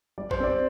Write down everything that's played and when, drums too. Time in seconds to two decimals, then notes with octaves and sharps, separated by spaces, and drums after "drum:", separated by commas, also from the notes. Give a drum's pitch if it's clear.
0.18 G3 D5
0.31 C5, drum: kick
0.40 C4 D5